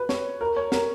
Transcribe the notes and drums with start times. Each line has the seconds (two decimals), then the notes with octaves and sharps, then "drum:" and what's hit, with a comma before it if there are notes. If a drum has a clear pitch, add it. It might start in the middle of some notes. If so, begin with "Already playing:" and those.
Already playing: B4
0.09 C#5, drum: snare
0.41 A#4
0.56 C#5
0.72 A#4, drum: snare